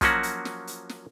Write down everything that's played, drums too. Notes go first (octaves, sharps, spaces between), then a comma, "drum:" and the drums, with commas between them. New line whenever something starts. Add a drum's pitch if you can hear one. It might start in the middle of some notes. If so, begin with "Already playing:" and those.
F3 F#3 A#3 C#4 F#4, drum: kick, hi-hat
drum: hi-hat
drum: snare
drum: hi-hat
drum: snare